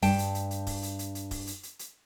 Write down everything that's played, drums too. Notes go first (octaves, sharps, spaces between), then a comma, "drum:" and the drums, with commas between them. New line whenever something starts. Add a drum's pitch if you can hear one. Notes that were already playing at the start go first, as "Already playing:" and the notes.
G2 G5 A5, drum: kick D1, open hi-hat
drum: hi-hat
drum: hi-hat
drum: hi-hat
drum: kick D1, open hi-hat
drum: hi-hat
drum: hi-hat
drum: hi-hat
drum: kick D1, open hi-hat
drum: hi-hat
drum: hi-hat
drum: hi-hat